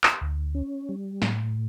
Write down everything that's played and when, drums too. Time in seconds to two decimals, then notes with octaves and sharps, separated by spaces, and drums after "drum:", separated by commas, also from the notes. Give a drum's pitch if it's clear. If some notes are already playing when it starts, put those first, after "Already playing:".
0.04 drum: clap
0.21 D2
0.55 C#4
0.89 G3
1.22 A2, drum: snare